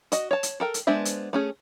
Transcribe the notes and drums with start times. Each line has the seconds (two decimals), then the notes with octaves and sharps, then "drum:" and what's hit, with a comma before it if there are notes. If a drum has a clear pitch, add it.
0.12 F#4 D#5, drum: hi-hat
0.31 C#5 A5
0.43 drum: hi-hat
0.60 A4 A#4 G5
0.74 drum: hi-hat
0.87 G#3 B3 D4 C5 E5
1.05 drum: hi-hat
1.33 A3 C#4 G#4